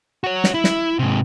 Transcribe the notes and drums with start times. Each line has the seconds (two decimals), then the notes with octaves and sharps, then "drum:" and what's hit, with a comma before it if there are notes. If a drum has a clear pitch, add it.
0.24 F#4 C#5
0.44 drum: snare
0.54 E4
0.64 drum: snare
0.99 G#2 C3